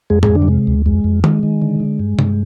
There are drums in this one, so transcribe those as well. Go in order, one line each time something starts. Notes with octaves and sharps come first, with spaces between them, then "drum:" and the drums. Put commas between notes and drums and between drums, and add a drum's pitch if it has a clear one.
F2 G#3 G#4
G#3 G#4, drum: tom G#2
F2
D3 D4
G3
C3 G#3
D2
F2 G#3
F2
D#3 G#3, drum: tom D#3
D#3
D3
D3
G2
G2, drum: tom